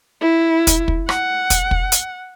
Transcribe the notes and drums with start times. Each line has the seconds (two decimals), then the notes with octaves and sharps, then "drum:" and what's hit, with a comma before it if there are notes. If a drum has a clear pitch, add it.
0.21 E4
0.67 drum: kick, hi-hat
0.88 drum: kick
1.09 F#5, drum: rim click
1.50 drum: kick, hi-hat
1.71 drum: kick
1.92 drum: hi-hat